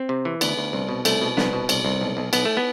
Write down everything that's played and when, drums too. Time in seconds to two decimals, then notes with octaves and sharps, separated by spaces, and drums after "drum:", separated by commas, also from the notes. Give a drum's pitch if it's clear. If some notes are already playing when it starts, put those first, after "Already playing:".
Already playing: C4
0.09 C3
0.25 E3
0.41 D2 B3, drum: cymbal
0.57 D2
0.73 C2
0.89 B2
1.05 C2 A3, drum: cymbal
1.21 B2
1.37 C2 B3, drum: snare
1.53 B2
1.69 C2, drum: cymbal
1.85 C2
2.01 B1
2.17 B1
2.33 B1 B3, drum: cymbal
2.45 A3
2.57 B3